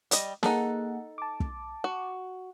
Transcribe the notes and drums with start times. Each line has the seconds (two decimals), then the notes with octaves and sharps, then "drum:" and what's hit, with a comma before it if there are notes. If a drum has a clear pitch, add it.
0.11 G3 D#5, drum: hi-hat
0.43 A#3 D#4 G#4 A4 F#5, drum: snare
1.18 A5 D6
1.40 drum: kick
1.84 F#4